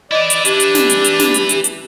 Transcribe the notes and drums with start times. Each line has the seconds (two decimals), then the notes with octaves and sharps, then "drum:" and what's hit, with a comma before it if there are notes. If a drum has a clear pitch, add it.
0.11 E4 B4 D5 D#5
0.30 drum: hi-hat
0.45 D4 G4, drum: hi-hat
0.60 drum: hi-hat
0.75 drum: snare
0.90 drum: hi-hat
1.05 drum: hi-hat
1.19 drum: snare
1.34 drum: hi-hat
1.49 drum: hi-hat
1.64 drum: hi-hat